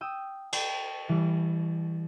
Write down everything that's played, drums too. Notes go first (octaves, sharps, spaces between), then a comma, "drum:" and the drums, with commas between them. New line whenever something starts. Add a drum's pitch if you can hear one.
G5 D#6 E6
G5, drum: cymbal
E3 G3